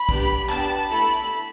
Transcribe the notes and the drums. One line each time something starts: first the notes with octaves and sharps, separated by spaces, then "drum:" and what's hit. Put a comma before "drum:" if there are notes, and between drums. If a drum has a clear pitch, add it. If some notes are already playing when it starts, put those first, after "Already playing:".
Already playing: B5
B3 D4 G4, drum: kick
B3 D4 G4 A5, drum: clap
A3 E4 A4 B5